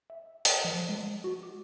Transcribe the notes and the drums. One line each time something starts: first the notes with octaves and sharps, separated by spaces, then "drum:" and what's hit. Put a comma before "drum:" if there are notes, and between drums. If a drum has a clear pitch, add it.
E5
drum: open hi-hat
F3
G#3
F#4
D6